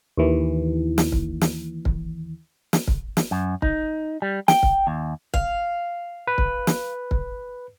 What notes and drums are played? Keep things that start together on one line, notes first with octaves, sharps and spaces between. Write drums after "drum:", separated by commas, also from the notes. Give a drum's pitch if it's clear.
D#2 E3
drum: snare
drum: kick
drum: snare
drum: kick
drum: snare
drum: kick
drum: snare
F#2
D#4, drum: kick
G3
G5, drum: snare
drum: kick
D#2
F5, drum: kick
B4
drum: kick
drum: snare
drum: kick